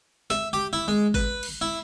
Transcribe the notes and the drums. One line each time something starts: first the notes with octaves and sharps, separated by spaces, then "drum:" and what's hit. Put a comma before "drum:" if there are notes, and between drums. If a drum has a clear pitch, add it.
E5, drum: snare
G4
E4
G#3
B4, drum: kick G#1
drum: cymbal
E4